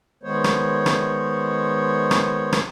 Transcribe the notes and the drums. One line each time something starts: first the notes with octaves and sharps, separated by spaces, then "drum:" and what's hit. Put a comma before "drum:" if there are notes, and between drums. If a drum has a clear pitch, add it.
D#3 G#3 B3 C5 C#5
drum: rim click
drum: rim click
drum: rim click
drum: rim click